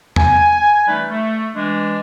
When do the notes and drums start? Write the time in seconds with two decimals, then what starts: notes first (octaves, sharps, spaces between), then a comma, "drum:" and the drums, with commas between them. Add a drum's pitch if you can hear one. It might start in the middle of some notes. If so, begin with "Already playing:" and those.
0.16 G#5, drum: tom E2
0.88 E3 G3 A3 C#4 D#4 B4
1.10 A3
1.55 E3 G#3 D4